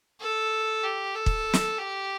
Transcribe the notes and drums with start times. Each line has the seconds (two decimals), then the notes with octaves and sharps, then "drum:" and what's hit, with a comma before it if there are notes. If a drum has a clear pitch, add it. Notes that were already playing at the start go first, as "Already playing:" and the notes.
0.20 A4
0.83 G4
1.15 A4
1.26 drum: kick
1.54 drum: snare
1.78 G4